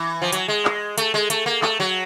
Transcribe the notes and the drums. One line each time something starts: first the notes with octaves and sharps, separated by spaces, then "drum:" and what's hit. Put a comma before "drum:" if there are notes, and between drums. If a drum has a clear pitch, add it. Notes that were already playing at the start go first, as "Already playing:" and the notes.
Already playing: E3
F3
F#3, drum: hi-hat
G#3
drum: clap
A3, drum: hi-hat
G#3
A3, drum: hi-hat
A#3
A3, drum: clap
F#3